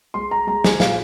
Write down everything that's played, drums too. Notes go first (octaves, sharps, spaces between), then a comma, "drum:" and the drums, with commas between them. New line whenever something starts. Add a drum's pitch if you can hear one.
G#3 C6
A#5
G#3 A#5
G#5, drum: snare
A#2 F5, drum: snare